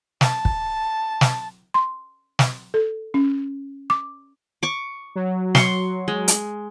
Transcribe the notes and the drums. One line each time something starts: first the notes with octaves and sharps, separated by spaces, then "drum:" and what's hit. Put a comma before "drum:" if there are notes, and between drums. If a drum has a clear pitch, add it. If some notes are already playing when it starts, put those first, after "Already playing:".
A5, drum: snare
drum: kick
drum: snare
C6
drum: snare
A4
C#4
D6
C#6 D6
F#3
C6 C#6, drum: snare
G#3
drum: hi-hat